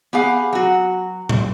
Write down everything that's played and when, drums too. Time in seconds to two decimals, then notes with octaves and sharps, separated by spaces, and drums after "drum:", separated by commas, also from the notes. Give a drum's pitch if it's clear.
0.13 B3 G4 G#4 F5 F#5
0.53 F#3 F#4
1.29 drum: tom A2